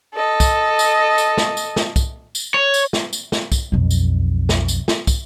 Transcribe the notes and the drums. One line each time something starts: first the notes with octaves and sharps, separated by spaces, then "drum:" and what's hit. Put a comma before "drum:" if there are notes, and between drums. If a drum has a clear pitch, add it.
A4 D#5
drum: kick, tambourine
drum: tambourine
drum: tambourine
drum: snare
drum: tambourine
drum: snare
drum: kick, tambourine
drum: tambourine
C#5
drum: tambourine
drum: snare
drum: tambourine
drum: snare
drum: kick, tambourine
B1 F2
drum: tambourine
drum: snare
drum: tambourine
drum: snare
drum: kick, tambourine